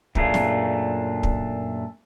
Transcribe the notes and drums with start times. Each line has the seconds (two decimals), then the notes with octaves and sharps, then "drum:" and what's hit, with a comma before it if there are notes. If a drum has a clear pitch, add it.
0.15 F#2 A#2 A3 D4 G#4 F5, drum: kick
0.34 drum: snare
1.23 drum: kick